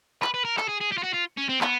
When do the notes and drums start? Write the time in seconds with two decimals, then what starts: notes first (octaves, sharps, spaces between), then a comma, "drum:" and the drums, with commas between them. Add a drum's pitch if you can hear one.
0.22 B4, drum: clap
0.34 B4
0.45 A#4
0.57 A4, drum: clap
0.68 G#4
0.80 G#4
0.92 G4
0.98 F4
1.04 F#4
1.14 F4
1.38 C#4
1.49 C4
1.61 B3, drum: clap